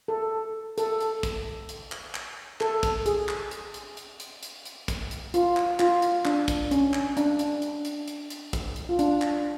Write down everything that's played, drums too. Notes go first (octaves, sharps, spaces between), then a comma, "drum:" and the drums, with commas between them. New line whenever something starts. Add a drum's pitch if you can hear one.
A4
A4, drum: hi-hat
drum: hi-hat
drum: kick, hi-hat
drum: hi-hat
drum: clap
drum: clap
A4, drum: clap
drum: kick, hi-hat
G#4, drum: hi-hat
drum: clap
drum: hi-hat
drum: hi-hat
drum: hi-hat
drum: hi-hat
drum: hi-hat
drum: hi-hat
drum: kick, hi-hat
drum: hi-hat
F4, drum: hi-hat
drum: clap
F4, drum: clap
drum: hi-hat
D4, drum: clap
drum: kick, hi-hat
C#4, drum: hi-hat
drum: clap
D4, drum: hi-hat
drum: hi-hat
drum: hi-hat
drum: hi-hat
drum: hi-hat
drum: hi-hat
drum: kick, hi-hat
drum: hi-hat
F4
D4, drum: hi-hat
drum: clap